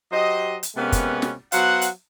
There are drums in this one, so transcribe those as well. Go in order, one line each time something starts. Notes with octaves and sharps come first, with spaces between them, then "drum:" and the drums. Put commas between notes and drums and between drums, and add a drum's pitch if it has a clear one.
F#3 G4 C5 D#5
drum: hi-hat
C3 G#3 A#3 B3 C#4 B4
drum: kick, hi-hat
drum: snare
F#3 B3 C5 F5 F#5, drum: hi-hat
drum: hi-hat